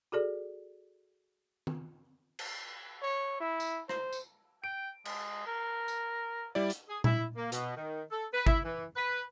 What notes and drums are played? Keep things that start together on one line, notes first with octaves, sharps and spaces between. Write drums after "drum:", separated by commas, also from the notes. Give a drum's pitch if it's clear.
F#4 G#4 A4 D5
drum: tom D#3
drum: cymbal
C#5
E4
drum: tambourine
C5, drum: rim click
drum: tambourine
G5 D7
G#3, drum: cymbal
A#4
drum: tambourine
G3 E4 D5
drum: hi-hat
G#4
E4, drum: tom A#2
A#3
B2, drum: hi-hat
D#3
A4
B4
E4, drum: kick G#1
E3
B4